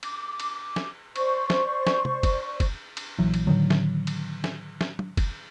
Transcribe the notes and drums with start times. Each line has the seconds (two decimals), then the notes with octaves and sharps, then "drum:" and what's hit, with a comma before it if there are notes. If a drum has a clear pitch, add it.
0.03 D6, drum: cymbal
0.40 drum: cymbal
0.76 drum: snare
1.16 C5 D5 C#6, drum: cymbal
1.50 drum: snare
1.87 drum: snare
2.05 drum: tom C3
2.23 drum: kick F1, cymbal
2.60 drum: kick F1, cymbal
2.97 drum: cymbal
3.19 A#1 E3 F#3
3.34 drum: cymbal
3.47 A2 D3 D#3 F#3
3.70 drum: snare
4.07 drum: cymbal
4.44 drum: snare
4.81 drum: snare
4.99 drum: tom
5.17 drum: kick F1, cymbal